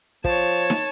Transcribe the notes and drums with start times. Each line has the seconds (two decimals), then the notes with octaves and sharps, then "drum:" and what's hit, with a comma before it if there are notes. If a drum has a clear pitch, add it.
0.24 F3 C#5 A5, drum: kick
0.70 drum: snare